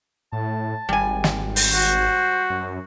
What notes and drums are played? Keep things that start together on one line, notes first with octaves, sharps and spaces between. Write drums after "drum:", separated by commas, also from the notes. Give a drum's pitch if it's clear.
A2 A5
G#1 G3 G#5
drum: snare
C5, drum: open hi-hat
F#4
F#2